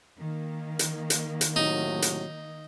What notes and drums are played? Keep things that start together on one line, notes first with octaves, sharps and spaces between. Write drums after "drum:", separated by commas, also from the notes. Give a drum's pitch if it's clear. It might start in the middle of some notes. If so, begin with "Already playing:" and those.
D#3 A#3
drum: hi-hat
drum: hi-hat
drum: hi-hat
A2 C3 F#3 D#4
drum: hi-hat